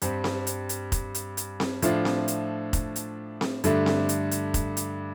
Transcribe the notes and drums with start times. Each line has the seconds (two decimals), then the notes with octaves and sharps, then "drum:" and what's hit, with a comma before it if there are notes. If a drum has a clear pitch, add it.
0.02 G2 G3 C4, drum: hi-hat
0.24 drum: snare C4
0.47 drum: hi-hat
0.69 drum: hi-hat
0.92 drum: kick F1, hi-hat
1.15 drum: hi-hat
1.37 drum: hi-hat
1.60 drum: snare C4
1.82 A2 F3 A3 D4 F4, drum: hi-hat
2.05 drum: snare C4
2.28 drum: hi-hat
2.73 drum: kick F1, hi-hat
2.96 drum: hi-hat
3.41 drum: snare C4
3.64 G2 D3 A3 D4, drum: hi-hat
3.86 drum: snare C4
4.09 drum: hi-hat
4.31 drum: hi-hat
4.54 drum: kick F1, hi-hat
4.77 drum: hi-hat